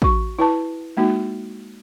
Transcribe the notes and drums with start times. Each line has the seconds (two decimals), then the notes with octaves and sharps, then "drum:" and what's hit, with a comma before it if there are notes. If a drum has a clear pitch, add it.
0.02 F#4 C#6, drum: kick
0.39 E4 B4 A5
0.97 G#3 A#3 D#4 F#4